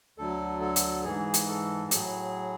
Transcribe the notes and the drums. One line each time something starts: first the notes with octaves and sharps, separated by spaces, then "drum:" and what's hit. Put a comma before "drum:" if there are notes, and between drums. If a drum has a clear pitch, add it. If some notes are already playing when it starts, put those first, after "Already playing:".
D2 D3 F#3 A4
A4
drum: hi-hat
G#2 E3 G#4
drum: hi-hat
A4
A2 F#3 G#4, drum: hi-hat